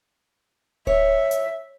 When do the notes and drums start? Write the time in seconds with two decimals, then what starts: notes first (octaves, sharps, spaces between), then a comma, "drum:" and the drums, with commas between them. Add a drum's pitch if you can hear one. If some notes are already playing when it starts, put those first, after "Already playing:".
0.87 C#5 E5, drum: kick D1
1.31 drum: hi-hat